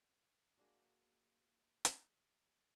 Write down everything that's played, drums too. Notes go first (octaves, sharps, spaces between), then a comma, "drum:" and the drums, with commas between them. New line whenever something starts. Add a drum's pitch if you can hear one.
G#3 A#3 D4 F#4
drum: hi-hat